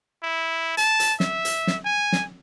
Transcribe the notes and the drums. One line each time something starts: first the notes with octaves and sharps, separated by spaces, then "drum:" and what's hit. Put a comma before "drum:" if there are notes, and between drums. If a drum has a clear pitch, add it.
E4
A5, drum: hi-hat
drum: hi-hat
E5, drum: snare
drum: hi-hat
drum: snare
G#5
drum: snare